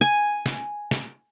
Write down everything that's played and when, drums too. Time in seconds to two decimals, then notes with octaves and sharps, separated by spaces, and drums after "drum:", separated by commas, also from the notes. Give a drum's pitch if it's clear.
0.01 G#5
0.46 drum: snare
0.91 drum: snare